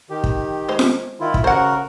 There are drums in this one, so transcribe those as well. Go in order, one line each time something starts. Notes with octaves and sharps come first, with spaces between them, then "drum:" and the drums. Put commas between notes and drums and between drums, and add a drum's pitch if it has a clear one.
D#3 G4
drum: kick
G#3 C5
drum: snare F4
D#3 E4 F4
drum: kick
C#3 F#4 A#4 C5 F#5